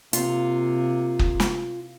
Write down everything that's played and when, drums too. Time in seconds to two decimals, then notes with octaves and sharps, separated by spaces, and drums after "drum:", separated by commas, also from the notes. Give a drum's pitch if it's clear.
0.13 C3 A#3 F4, drum: hi-hat
1.19 drum: kick
1.40 drum: snare